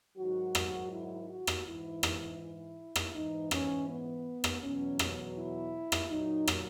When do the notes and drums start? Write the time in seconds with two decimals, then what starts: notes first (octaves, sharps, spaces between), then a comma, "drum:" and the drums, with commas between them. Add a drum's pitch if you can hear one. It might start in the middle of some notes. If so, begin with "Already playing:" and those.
0.17 G#2 D#3 F#3 F#4
0.55 drum: rim click
0.92 E4
1.28 F#4
1.47 drum: rim click
1.66 G#2 E3 E4
2.03 drum: rim click
2.41 E4
2.96 drum: rim click
3.13 G#2 E3 D#4
3.51 C#4, drum: rim click
3.88 B3
4.44 drum: rim click
4.62 E2 B2 F#3 C#4
4.99 drum: rim click
5.37 E4
5.92 drum: rim click
6.10 A#2 F#3 D#4
6.48 drum: rim click